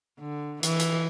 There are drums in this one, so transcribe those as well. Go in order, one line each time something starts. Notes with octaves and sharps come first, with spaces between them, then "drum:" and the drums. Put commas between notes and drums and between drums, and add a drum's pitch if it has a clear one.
D3
E3, drum: hi-hat
drum: hi-hat